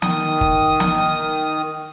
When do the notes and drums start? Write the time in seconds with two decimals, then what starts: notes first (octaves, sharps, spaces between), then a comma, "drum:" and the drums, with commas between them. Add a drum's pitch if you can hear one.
0.02 D#3 D#6, drum: snare
0.41 drum: kick
0.80 drum: snare